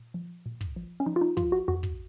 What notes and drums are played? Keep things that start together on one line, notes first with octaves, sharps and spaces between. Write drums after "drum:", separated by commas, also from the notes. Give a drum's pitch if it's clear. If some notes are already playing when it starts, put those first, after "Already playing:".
Already playing: A#2
F3
A#2
drum: kick
F3
C#4
F3 D#4
F4
D#4
F3 F4, drum: kick
F#4
F2 F#4
drum: kick